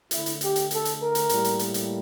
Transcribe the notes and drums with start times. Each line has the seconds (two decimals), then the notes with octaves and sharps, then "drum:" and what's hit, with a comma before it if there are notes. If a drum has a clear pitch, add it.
0.11 D3 A3 E4, drum: hi-hat
0.26 drum: hi-hat
0.41 G4, drum: hi-hat
0.56 drum: hi-hat
0.71 A4, drum: hi-hat
0.85 drum: hi-hat
1.00 A#4
1.15 drum: hi-hat
1.29 A2 G3 A#3, drum: hi-hat
1.45 drum: hi-hat
1.59 drum: hi-hat
1.74 drum: hi-hat